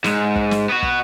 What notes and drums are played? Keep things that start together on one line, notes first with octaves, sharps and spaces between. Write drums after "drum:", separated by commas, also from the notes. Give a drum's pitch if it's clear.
G#2, drum: snare
drum: kick
drum: snare
B3 F#4
drum: kick